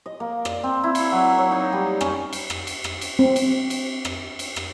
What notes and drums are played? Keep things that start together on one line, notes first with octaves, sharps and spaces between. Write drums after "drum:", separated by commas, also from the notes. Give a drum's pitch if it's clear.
D#5
A#3
D5, drum: rim click
C4
E4
drum: cymbal
F#3
C#5
D#4
G3
C#4, drum: rim click
drum: cymbal
drum: rim click
drum: cymbal
drum: rim click
drum: cymbal
C4
drum: cymbal
drum: cymbal
drum: rim click
drum: cymbal
drum: rim click